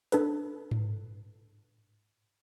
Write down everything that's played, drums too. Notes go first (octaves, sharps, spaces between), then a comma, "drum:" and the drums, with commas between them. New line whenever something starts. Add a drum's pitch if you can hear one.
D4 A4 B4, drum: hi-hat
drum: tom G#2